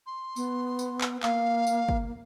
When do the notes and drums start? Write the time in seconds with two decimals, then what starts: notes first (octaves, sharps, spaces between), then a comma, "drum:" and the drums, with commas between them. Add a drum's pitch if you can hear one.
0.06 C6
0.36 B3, drum: tambourine
0.79 drum: tambourine
1.01 drum: clap
1.23 A#3 F5, drum: clap
1.67 drum: tambourine
1.89 drum: kick G1